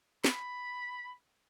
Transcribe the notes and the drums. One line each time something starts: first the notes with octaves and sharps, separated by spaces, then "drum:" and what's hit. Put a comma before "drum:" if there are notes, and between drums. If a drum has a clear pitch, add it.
B5, drum: snare